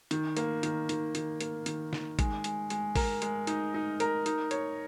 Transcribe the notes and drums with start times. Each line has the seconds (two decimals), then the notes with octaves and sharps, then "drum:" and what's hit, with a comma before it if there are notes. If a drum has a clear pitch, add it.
0.11 D#3, drum: hi-hat
0.37 A#3, drum: hi-hat
0.63 D#3, drum: hi-hat
0.89 D#3, drum: hi-hat
1.15 D#3, drum: hi-hat
1.40 A#3, drum: hi-hat
1.66 D#3, drum: hi-hat
1.93 D#3, drum: snare
2.19 G#3, drum: kick, hi-hat
2.44 G#3, drum: hi-hat
2.70 G#3, drum: hi-hat
2.96 A#4, drum: kick, open hi-hat
3.22 G#3, drum: hi-hat
3.47 D#4, drum: hi-hat
3.74 D#4
4.00 A#4, drum: hi-hat
4.26 D#4, drum: hi-hat
4.51 C#5, drum: hi-hat